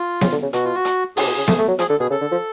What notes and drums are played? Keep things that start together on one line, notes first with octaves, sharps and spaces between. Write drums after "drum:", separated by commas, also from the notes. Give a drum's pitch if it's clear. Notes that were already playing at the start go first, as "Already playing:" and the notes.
Already playing: F4
C#3, drum: snare B3
D3
C#3
B2 F#4, drum: hi-hat
F4
F#4
drum: hi-hat
C#3 G#4, drum: open hi-hat
B2
C#3
A3, drum: snare B3
A3
F#3
F3 G#4, drum: hi-hat
D3 A4
B2 G#4
C#3 A4
D3
F3